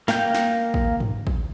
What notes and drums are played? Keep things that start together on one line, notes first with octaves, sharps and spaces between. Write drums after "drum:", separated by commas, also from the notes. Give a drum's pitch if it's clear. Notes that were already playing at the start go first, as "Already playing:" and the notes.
A#3 F5 G5 G6, drum: snare
drum: snare
drum: kick
drum: tom G2
drum: kick